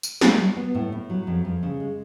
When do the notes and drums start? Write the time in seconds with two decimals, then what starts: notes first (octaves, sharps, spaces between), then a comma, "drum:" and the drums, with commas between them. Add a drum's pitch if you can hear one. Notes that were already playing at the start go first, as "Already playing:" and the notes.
0.03 drum: tambourine
0.21 F#3, drum: snare
0.39 F#3
0.57 B3
0.75 A2
0.92 A2
1.10 F#3
1.27 F2
1.45 F2
1.63 C#3
1.80 G#3